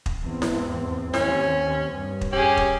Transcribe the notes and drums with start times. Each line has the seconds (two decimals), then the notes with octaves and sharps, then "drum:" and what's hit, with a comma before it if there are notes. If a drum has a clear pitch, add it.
0.06 drum: kick
0.23 E2 G#2 C4
0.42 drum: snare E4
1.14 D#2 C4 C#4, drum: snare E4
1.92 G2
2.21 drum: kick
2.33 C#4 G4 G#4
2.57 drum: kick